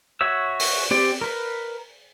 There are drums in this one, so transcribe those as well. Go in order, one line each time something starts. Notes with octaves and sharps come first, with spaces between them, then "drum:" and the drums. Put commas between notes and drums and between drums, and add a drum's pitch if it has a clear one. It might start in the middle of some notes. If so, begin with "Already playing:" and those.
F#4 C#5 E5 E6
drum: open hi-hat
C4 G4 D5
A#4 B4